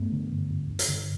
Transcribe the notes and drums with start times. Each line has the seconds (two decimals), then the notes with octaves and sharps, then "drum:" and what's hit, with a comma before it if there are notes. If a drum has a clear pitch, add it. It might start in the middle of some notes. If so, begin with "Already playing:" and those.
Already playing: G2 A3 B3
0.12 D3
0.31 D3
0.50 G2
0.70 G2
0.79 drum: hi-hat
0.88 D3